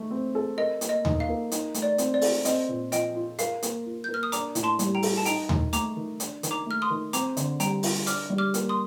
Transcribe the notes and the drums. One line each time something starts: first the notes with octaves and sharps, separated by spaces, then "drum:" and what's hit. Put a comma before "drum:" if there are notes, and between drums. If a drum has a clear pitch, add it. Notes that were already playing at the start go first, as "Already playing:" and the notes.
Already playing: A3 D#4
C4
A4
A#4 D#5
A#3, drum: hi-hat
D#5
D#4, drum: tom D#2
F5
A#3
D#4, drum: hi-hat
A3, drum: hi-hat
D5
C4, drum: hi-hat
D5
A4, drum: open hi-hat
C4 D#5, drum: hi-hat
A#2
F3 D#5 G5, drum: hi-hat
F4
A#4 F5, drum: hi-hat
A#3, drum: hi-hat
F4
G6
A#3
F6
D#6
D4 A#5 D6, drum: hi-hat
A2, drum: hi-hat
A5 C6
G3, drum: hi-hat
G5 A#5
A4, drum: open hi-hat
A5
D#4 G5 A#5, drum: hi-hat
D#3, drum: tom D#2
A3 A#5 D6, drum: hi-hat
D#3
D4, drum: hi-hat
D#3, drum: hi-hat
A#5 D6
A3 F6
C6 D#6
D#3
C4 A#5 D6, drum: hi-hat
D3, drum: hi-hat
G3 G5 A#5, drum: hi-hat
F4, drum: open hi-hat
D4 D6 F6, drum: hi-hat
G3
D6 F6
A#3, drum: hi-hat
C6 D#6